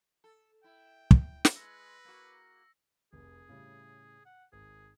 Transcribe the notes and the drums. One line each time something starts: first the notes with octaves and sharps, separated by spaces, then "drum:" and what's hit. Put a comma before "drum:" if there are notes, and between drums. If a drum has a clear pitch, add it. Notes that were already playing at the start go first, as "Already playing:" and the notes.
A4
E4 G5
drum: kick
drum: snare
G#3 B4 E6 A#6 C#7
A#3 F#4
F1 G#4
A2 C#3 G3
F#5
G#1 G#4